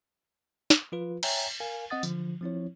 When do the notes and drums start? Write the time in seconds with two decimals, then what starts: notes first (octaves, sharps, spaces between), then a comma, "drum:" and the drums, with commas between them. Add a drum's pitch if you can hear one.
0.70 drum: snare
0.92 F3 F4 B4
1.23 C#5 E5 G5 G#5 A#5, drum: cymbal
1.60 A#4 F5 G#5
1.90 C4 D#5 F#5 D#6 A6
2.03 D3 F3, drum: tambourine
2.41 F3 C4 E4 C#5